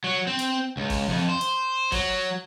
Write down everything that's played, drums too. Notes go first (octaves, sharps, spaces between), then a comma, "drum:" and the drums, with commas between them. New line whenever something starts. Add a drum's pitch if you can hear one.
F#3
C4
drum: hi-hat
C#2
drum: kick, open hi-hat
F2
C5
drum: hi-hat
F#3, drum: kick, open hi-hat